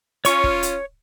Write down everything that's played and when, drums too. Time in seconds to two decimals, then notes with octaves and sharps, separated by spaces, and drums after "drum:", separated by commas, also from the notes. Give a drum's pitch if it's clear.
0.25 C#4 F4 C#5 C#6, drum: hi-hat
0.44 drum: kick
0.63 drum: hi-hat